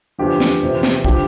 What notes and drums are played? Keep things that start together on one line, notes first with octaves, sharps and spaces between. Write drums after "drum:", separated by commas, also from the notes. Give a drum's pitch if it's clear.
E2 D3 F3 G4
drum: snare
E2 C3 F3
drum: snare
D3 F3 G4, drum: kick